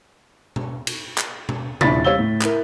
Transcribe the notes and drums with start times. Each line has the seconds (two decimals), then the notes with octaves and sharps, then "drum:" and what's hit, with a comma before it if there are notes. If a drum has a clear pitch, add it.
0.56 drum: tom B2
0.87 drum: cymbal
1.18 drum: clap
1.49 drum: tom B2
1.81 D#1 D4 E4 B5 A6 B6, drum: tom C3
2.04 G3 C#5 F5 E6 G7
2.19 A2
2.41 E4 A#4, drum: clap